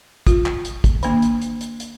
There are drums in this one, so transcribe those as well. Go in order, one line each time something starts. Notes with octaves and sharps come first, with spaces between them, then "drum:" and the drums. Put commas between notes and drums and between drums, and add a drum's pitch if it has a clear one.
F4, drum: kick, hi-hat
drum: clap
drum: hi-hat
drum: kick, hi-hat
D#3 A#3 D4, drum: hi-hat
drum: hi-hat
drum: hi-hat
drum: hi-hat
drum: hi-hat